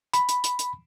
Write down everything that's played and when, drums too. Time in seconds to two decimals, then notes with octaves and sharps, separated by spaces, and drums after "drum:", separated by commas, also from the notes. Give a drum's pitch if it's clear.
0.13 B5, drum: hi-hat
0.29 drum: hi-hat
0.44 drum: hi-hat
0.59 drum: hi-hat